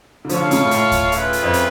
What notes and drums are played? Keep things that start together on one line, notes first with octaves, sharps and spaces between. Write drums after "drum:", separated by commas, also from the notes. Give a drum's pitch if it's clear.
D3
F3 F4 A4 C#5 F5, drum: hi-hat
D3
C#3, drum: hi-hat
A2
A2, drum: hi-hat
drum: kick D2, hi-hat
A3 C#4 F4 G#4 B4, drum: hi-hat
drum: hi-hat
F2
drum: hi-hat